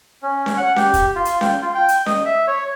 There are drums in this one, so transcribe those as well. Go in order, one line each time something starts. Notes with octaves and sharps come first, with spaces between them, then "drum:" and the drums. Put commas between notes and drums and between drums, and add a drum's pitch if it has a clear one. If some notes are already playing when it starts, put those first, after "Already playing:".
C#4
drum: snare C#4
F#5
G4, drum: snare C#4
drum: kick, hi-hat
F4
drum: hi-hat
G5, drum: snare C#4
F4
G5
drum: hi-hat
D#5, drum: snare C#4
E5
C#5